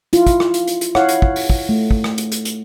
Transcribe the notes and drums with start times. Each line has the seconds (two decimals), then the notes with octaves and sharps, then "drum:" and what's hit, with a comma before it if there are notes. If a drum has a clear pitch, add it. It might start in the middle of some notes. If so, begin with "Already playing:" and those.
0.13 E4 F4, drum: hi-hat
0.27 drum: kick, hi-hat
0.40 drum: rim click
0.54 drum: hi-hat
0.68 drum: hi-hat
0.81 drum: hi-hat
0.95 E4 C#5 F5 F#5, drum: rim click
1.09 drum: hi-hat
1.22 drum: kick
1.36 drum: open hi-hat
1.50 drum: kick
1.69 A3
1.91 drum: kick
2.04 drum: rim click
2.18 drum: hi-hat
2.32 drum: hi-hat
2.45 drum: hi-hat